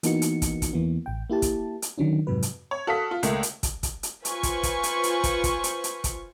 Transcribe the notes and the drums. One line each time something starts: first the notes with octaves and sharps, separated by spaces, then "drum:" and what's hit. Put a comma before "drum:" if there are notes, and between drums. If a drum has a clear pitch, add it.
E3 A#3 B3 D#4 F#4 C#7, drum: hi-hat
drum: hi-hat
drum: kick, hi-hat
drum: kick, hi-hat
E2 E3 A#3 B3
A1 G5
A#3 E4 G4 A5
drum: kick, hi-hat
drum: hi-hat
D3 D#3 F#3 C#4 D4
F2 G#2 C3 F#3 B4
drum: hi-hat
C#5
F#4 A4 F5 D#6 B6
F4
C#2 A3 A#3, drum: hi-hat
drum: hi-hat
drum: kick, hi-hat
drum: kick, hi-hat
drum: hi-hat
F4 B4 C5 G#5 C#6, drum: hi-hat
drum: kick, hi-hat
drum: kick, hi-hat
drum: hi-hat
drum: hi-hat
drum: kick, hi-hat
drum: kick, hi-hat
drum: hi-hat
drum: hi-hat
drum: kick, hi-hat